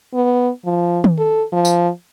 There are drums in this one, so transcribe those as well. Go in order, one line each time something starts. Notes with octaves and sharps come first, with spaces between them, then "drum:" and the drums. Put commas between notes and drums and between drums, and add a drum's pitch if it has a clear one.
B3
F3
drum: tom D#3
A4
F3
drum: tambourine